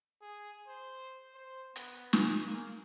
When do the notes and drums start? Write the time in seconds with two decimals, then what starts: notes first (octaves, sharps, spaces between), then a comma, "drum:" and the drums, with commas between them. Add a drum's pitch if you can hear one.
0.22 G#4
0.67 C5
1.35 C5
1.76 B3, drum: hi-hat
2.13 G#4, drum: snare
2.46 A#3